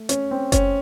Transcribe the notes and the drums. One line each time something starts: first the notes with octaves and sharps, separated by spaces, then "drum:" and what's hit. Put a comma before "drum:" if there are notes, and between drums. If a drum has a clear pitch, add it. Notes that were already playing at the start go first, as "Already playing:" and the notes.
Already playing: A3
C#4, drum: hi-hat
C4
C#4, drum: kick F#1, hi-hat